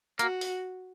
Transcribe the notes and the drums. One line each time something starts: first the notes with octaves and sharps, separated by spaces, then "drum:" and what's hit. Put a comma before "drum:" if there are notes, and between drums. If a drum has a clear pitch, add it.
A#3 F#4, drum: hi-hat
drum: open hi-hat